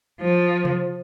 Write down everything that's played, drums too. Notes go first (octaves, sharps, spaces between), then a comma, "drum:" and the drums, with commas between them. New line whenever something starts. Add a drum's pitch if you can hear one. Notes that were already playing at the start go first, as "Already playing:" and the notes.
F3
drum: tom C3